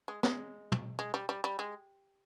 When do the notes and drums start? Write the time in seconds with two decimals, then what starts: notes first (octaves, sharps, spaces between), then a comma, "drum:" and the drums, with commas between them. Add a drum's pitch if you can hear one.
0.08 G#3
0.23 G#3, drum: snare
0.72 drum: tom
0.99 G#3
1.14 G3
1.29 G3
1.44 G3
1.59 G#3